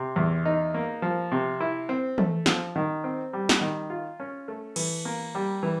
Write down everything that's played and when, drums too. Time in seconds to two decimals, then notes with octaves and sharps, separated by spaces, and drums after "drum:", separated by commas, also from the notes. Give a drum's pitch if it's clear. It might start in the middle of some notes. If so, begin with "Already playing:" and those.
Already playing: C3
0.16 E2
0.46 D#4
0.74 A#3
1.02 F3
1.32 C3
1.61 E4
1.89 C4
2.18 A3, drum: tom E3
2.46 F3, drum: snare
2.76 D#3
3.04 C4
3.33 G3
3.49 drum: snare
3.61 D#3
3.90 F4
4.20 C#4
4.48 A3
4.76 E3, drum: cymbal
5.05 A#3
5.35 G3
5.63 E3